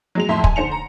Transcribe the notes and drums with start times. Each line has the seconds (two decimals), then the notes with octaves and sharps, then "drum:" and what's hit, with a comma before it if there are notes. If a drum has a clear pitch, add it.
0.15 F#3 G#3 F7
0.29 F2 A2 E5 C6
0.44 G#5, drum: kick
0.56 D3 C5 C#7 F7
0.71 A#5